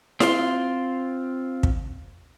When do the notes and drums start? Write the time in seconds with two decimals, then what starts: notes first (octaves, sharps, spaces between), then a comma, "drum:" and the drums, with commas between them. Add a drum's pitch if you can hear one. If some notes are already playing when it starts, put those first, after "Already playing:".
0.20 C4 F4 C6, drum: snare E4
1.63 drum: kick